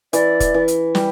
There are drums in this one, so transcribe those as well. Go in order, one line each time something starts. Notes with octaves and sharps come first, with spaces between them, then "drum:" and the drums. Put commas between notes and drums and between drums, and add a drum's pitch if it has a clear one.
E3 D5, drum: hi-hat
drum: kick, hi-hat
E3
drum: hi-hat
G3, drum: snare